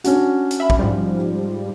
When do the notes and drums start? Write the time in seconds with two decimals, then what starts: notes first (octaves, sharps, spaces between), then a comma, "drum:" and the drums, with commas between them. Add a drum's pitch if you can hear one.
0.04 C#4 D4 F#4, drum: hi-hat
0.51 drum: hi-hat
0.60 E5 B5
0.70 drum: kick A#1
0.79 G#2 F3 G3